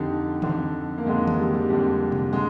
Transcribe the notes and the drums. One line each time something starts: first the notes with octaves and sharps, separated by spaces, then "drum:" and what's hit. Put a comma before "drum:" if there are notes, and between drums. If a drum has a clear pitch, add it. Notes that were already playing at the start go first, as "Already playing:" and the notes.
Already playing: F2 D3 D#4 G4
F2 D3, drum: tom D#3
A#3
F2 D3 G#3
drum: tom D#3
G3
G3
F2 D3 G3
drum: tom B2
D3 G#3